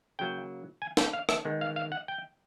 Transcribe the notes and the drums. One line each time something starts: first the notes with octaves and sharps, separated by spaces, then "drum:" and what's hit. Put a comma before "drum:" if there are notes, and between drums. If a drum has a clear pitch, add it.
C#3 F#3 A#3 G5
G#5
G5, drum: snare
F5
E5, drum: rim click
D#3 G#3 B3
F5
F5
F#5
G5